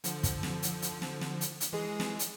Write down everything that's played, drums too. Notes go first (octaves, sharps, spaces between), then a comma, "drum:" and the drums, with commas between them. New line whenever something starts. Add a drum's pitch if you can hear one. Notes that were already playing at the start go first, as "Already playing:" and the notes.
D3 F3, drum: hi-hat
drum: kick, hi-hat
drum: snare
drum: hi-hat
drum: hi-hat
drum: snare
drum: snare
drum: hi-hat
drum: hi-hat
E3 G#3 G#4
drum: snare
drum: hi-hat